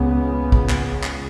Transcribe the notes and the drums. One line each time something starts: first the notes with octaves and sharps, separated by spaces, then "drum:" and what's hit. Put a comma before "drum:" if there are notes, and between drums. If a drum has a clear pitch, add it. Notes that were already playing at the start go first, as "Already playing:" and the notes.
Already playing: C#2 C#3 B3
drum: kick
drum: clap
drum: clap